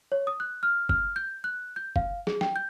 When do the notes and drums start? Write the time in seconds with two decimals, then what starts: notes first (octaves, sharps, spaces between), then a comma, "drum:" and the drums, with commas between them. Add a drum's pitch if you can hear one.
0.12 C#5
0.27 D#6
0.40 F#6
0.63 F6
0.89 F6, drum: kick F#1
1.16 G6
1.44 F#6
1.76 G6
1.96 F5, drum: kick F#1
2.27 G#4, drum: snare
2.41 G5, drum: snare
2.56 G6